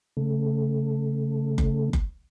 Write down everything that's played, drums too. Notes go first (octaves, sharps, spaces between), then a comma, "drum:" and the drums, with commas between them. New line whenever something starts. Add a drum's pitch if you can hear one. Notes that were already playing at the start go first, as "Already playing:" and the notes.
C#3 A3
drum: kick F#1
drum: kick F#1